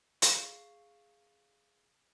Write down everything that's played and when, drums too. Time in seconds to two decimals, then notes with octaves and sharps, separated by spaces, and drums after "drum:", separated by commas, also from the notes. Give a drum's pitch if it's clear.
0.22 G#4 F5 C#6 C7, drum: hi-hat